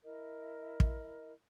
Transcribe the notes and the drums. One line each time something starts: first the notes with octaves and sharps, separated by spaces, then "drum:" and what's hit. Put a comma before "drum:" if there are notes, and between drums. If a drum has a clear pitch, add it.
E4 A#4 D#5
drum: kick